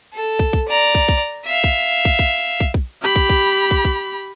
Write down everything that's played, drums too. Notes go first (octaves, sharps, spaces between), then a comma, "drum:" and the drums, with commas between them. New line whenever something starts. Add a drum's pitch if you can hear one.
A4
drum: kick
drum: kick
D5 A#5
drum: kick
drum: kick
E5 F5
drum: kick
drum: kick
drum: kick
drum: kick
drum: kick
G4 B5
drum: kick
drum: kick
drum: kick
drum: kick